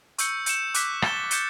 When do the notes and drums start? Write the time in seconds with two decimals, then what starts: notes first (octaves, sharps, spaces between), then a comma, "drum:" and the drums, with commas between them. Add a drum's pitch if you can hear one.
0.18 C#6 E6 G6 C#7, drum: hi-hat
0.46 G6 C#7 E7, drum: hi-hat
0.74 D6 F#6 B6, drum: hi-hat
1.02 A6 E7 G7, drum: rim click
1.31 G6 C#7 E7 G7, drum: hi-hat